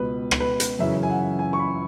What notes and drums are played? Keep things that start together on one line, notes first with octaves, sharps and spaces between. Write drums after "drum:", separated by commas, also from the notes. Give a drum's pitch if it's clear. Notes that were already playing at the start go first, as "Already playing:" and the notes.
Already playing: C#2 B2 B3 B4
drum: rim click
B4
drum: hi-hat
F#2 C#3 E3 C#4 E5
G#5
F#5
G#5
C#6
B5